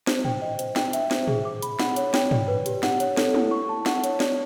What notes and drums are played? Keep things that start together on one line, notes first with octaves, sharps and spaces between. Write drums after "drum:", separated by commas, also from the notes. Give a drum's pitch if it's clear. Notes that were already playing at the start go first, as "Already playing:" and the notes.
C5, drum: snare
G5, drum: tom
D#5
C5, drum: hi-hat
G5, drum: snare
E5, drum: hi-hat
C5, drum: snare
G#4, drum: tom
D6
B5, drum: hi-hat
F#5, drum: snare
C#5, drum: hi-hat
G5, drum: snare
D5, drum: tom
B4
G4, drum: hi-hat
F#5, drum: snare
C#5, drum: hi-hat
A4, drum: snare
E4, drum: tom
C#6
A5
F#5, drum: snare
C#5, drum: hi-hat
D5, drum: snare